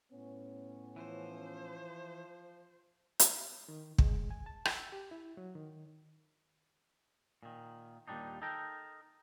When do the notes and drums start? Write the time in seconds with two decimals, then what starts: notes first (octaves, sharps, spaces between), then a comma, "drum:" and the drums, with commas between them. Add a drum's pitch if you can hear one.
0.11 A2 B3 C#4
0.96 E3 F3 C5
3.19 drum: hi-hat
3.69 D#3
3.98 G#3, drum: kick
4.31 G#5
4.46 A5
4.65 E6, drum: rim click
4.92 G4
5.11 E4
5.37 F#3
5.56 D#3
7.43 A#2 D#3
8.08 D#2 A#2 F3 G3 D4 D#4
8.42 D#4 A4 A#4 G5